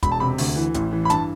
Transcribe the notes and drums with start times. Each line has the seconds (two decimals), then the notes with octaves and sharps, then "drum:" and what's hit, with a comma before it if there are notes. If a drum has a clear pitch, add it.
0.03 E1 B5, drum: kick, hi-hat
0.12 A5
0.20 C3 B5
0.38 D2, drum: open hi-hat
0.56 E3
0.74 A1, drum: hi-hat
0.91 E3
1.05 B5
1.10 G2 A5, drum: hi-hat